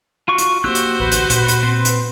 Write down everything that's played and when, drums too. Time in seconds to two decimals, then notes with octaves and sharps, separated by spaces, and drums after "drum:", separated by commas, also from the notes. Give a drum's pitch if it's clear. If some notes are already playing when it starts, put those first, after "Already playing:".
0.28 F4 F#4 C#6
0.38 drum: hi-hat
0.64 A#3 B3 F#4 G4 C5 E6 F#6
0.75 drum: hi-hat
1.00 A1 D2 B4
1.12 drum: hi-hat
1.30 A#2, drum: hi-hat
1.48 drum: hi-hat
1.63 C4
1.85 drum: hi-hat